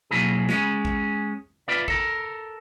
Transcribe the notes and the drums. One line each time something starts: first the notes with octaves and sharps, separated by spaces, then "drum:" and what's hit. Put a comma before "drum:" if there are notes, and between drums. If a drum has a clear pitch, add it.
B2 F3 F#3 A#3 E4 G#4
G#3 C#4 G#4, drum: snare
drum: kick
F4 B4 D5 E5
A4 A#4, drum: kick